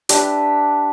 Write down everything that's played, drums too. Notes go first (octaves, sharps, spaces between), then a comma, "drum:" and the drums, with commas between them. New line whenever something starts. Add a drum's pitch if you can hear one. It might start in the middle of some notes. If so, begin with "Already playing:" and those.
D4 G4 B4 E5, drum: hi-hat